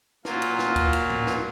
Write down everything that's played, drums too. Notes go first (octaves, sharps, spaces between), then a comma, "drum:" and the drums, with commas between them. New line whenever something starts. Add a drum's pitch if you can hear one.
A#2 F#3 A#3 F4, drum: snare
drum: cymbal
drum: snare
drum: kick, cymbal
drum: cymbal
drum: tom A2
drum: snare